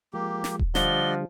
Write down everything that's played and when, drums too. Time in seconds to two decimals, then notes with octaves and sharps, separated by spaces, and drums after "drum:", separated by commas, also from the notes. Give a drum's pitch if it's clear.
0.14 F3 G#3 A#3 G4
0.44 drum: snare
0.59 drum: kick D#1
0.75 D3 F3 G3 D5 D#5 F#5 G7, drum: snare